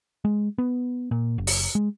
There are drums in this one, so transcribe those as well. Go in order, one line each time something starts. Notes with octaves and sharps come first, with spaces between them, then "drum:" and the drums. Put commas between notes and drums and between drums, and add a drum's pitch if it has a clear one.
G#3
B3
A#2
F#1
drum: open hi-hat
G#3